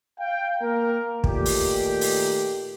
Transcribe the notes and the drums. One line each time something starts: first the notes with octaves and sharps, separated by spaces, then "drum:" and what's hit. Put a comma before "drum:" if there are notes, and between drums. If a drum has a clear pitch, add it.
F5 G5
A#3 A#4
A#2 D#3 A3 G4, drum: kick
drum: open hi-hat
drum: open hi-hat